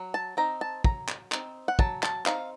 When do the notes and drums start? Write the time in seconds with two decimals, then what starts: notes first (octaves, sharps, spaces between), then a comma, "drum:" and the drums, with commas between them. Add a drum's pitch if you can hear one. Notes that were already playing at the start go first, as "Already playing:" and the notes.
Already playing: F#3
0.14 A5
0.37 C4 D#4 A#5
0.61 A5
0.84 F#3 A#5, drum: kick
1.08 drum: clap
1.32 C4 D#4, drum: clap
1.68 F#5
1.79 F#3 A5, drum: kick
2.03 A5, drum: clap
2.26 C4 D#4 F5, drum: clap